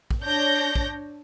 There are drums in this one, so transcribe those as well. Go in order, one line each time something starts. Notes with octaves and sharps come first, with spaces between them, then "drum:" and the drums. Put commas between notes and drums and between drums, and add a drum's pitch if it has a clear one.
drum: kick
D4 C#5 G6 A#6
drum: kick